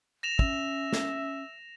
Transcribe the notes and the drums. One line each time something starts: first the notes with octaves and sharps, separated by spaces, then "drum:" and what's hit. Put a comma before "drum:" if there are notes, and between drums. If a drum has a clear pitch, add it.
A#6 E7 F7
C#4 E5, drum: kick
drum: snare